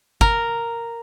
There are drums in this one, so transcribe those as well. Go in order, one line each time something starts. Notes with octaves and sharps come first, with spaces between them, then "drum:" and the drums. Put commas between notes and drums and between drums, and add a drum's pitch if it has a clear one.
A#4, drum: kick G1